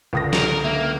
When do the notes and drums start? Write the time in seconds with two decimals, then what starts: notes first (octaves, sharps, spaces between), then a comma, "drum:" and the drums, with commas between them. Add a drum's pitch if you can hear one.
0.13 C#2 D3 D#6 A#6
0.33 A#4, drum: snare
0.65 A#3 E5